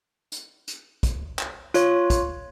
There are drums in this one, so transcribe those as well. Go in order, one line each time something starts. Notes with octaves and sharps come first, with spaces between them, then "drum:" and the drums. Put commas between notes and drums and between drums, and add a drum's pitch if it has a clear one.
drum: hi-hat
drum: hi-hat
drum: kick, hi-hat
drum: clap
F4 C#5, drum: hi-hat
drum: kick, hi-hat